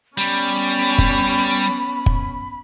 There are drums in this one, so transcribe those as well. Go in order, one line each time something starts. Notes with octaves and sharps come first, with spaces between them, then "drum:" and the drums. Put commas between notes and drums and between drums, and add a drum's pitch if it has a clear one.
G3 B3 C#4 B5
drum: kick
drum: kick